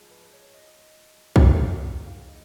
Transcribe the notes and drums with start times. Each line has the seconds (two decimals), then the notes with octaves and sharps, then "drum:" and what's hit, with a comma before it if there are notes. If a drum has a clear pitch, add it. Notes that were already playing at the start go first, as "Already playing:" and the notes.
Already playing: G#2 F3 G#3
0.11 B4
0.33 C#5
0.55 D#5
1.36 drum: kick
1.63 D#3 A#3 D#4 G#4 F5
1.85 F#5
2.06 F5
2.29 D#5